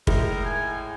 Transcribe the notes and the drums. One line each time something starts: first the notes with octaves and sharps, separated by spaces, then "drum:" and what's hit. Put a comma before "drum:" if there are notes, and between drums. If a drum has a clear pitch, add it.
A2 G#3 A#4, drum: kick
G#5